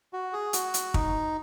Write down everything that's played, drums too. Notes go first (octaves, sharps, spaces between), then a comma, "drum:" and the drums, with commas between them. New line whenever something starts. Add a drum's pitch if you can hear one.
F#4
G#4
F#4, drum: hi-hat
drum: hi-hat
D#4, drum: kick